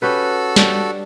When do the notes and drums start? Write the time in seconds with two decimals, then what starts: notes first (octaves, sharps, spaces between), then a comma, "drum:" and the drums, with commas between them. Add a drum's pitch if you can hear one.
0.02 C#4 F#4 G4 A4 B4
0.56 G3 D4, drum: snare